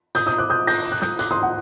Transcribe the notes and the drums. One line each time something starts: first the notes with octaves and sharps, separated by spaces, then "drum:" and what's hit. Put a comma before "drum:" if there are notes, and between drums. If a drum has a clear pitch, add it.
D#6 G6, drum: hi-hat
D#6 G6
D6 F#6
D#6 G6
G6 A#6, drum: open hi-hat
F#6
D#6 G6, drum: snare
D6 F#6, drum: hi-hat
C6 D#6
F#5